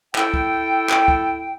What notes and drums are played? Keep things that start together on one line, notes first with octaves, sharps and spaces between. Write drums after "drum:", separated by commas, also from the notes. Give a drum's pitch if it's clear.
E4 A4 G5, drum: clap
drum: kick
drum: clap
drum: kick